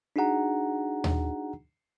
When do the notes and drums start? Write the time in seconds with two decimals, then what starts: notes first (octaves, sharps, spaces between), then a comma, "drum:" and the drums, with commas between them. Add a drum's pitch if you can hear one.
0.16 D4 D#4 F#4 G#4 F#5 A#5
1.04 drum: tom D#2